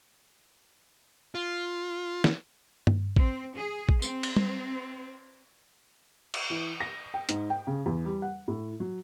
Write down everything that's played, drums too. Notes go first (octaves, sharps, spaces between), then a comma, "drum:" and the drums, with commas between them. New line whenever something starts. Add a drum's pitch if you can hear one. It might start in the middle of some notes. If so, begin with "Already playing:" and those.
F4
drum: snare
drum: tom G2
C4, drum: kick A1
G#4
drum: kick A1
C4, drum: tambourine
drum: cymbal
drum: tom G3
drum: cymbal
E3
A#6
G5
G#2, drum: hi-hat
G5
C#3
E2
G3
F#5
A2
F#3